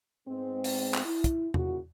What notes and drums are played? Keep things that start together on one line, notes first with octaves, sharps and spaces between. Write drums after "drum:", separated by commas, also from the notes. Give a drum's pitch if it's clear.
G#2 G#3 B3 C4
drum: open hi-hat
drum: clap
E4
drum: kick, hi-hat
A#2 C#3 E4 F#4, drum: tom E2